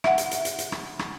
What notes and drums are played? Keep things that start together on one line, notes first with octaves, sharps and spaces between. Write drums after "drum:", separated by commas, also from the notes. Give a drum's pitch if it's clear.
E5 F#5, drum: rim click
drum: hi-hat
drum: hi-hat
drum: hi-hat
drum: hi-hat
drum: rim click
drum: rim click